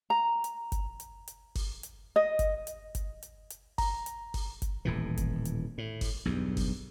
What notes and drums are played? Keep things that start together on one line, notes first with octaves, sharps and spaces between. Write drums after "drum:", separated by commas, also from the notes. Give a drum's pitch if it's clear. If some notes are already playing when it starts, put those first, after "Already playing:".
A#5
drum: hi-hat
drum: kick F#1, hi-hat
drum: hi-hat
drum: hi-hat
drum: kick F#1, open hi-hat
drum: hi-hat
D#5
drum: kick F#1, hi-hat
drum: hi-hat
drum: kick F#1, hi-hat
drum: hi-hat
drum: hi-hat
A#5, drum: kick F#1, open hi-hat
drum: hi-hat
drum: kick F#1, open hi-hat
drum: kick F#1, hi-hat
D#1 A2 E3
drum: kick F#1, hi-hat
drum: hi-hat
A2
drum: kick F#1, open hi-hat
B1 E2 G2
drum: kick F#1, open hi-hat